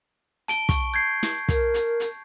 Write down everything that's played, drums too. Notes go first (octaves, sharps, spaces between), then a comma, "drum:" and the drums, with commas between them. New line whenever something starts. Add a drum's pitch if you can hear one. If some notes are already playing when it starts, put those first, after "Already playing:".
A5 D7 G7, drum: hi-hat
C#6, drum: kick, hi-hat
G6 G#6 C7
drum: snare
A#4, drum: kick, hi-hat
drum: hi-hat
drum: hi-hat